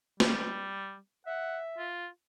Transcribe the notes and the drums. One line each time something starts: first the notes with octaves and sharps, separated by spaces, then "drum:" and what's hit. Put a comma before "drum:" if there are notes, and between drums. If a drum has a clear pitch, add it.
G3, drum: snare
E5 F#5
F4